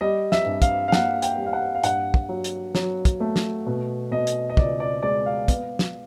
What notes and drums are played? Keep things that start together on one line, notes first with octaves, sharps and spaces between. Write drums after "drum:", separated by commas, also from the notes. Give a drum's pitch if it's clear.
G3 D#5
E5, drum: snare
G2
F5, drum: kick, hi-hat
F5
A#3 F#5, drum: snare
G5, drum: hi-hat
G3
F5
F#5
F5
G2 F#5, drum: hi-hat
drum: kick
F#3
drum: hi-hat
F#3, drum: snare
drum: kick, hi-hat
A3
drum: snare
B2
B2 D#5
drum: hi-hat
D#5
C#2 D5, drum: kick
D5
G#3 D5
F5
B3, drum: kick, hi-hat
drum: snare